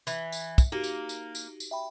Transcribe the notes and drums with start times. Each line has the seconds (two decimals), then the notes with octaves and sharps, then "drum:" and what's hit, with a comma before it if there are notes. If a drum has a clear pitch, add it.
0.07 E3, drum: tambourine
0.32 drum: tambourine
0.58 drum: kick, tambourine
0.72 A#3 D#4 F#4 G4
0.84 drum: tambourine
1.09 drum: tambourine
1.35 drum: tambourine
1.60 drum: tambourine
1.71 E5 G5 B5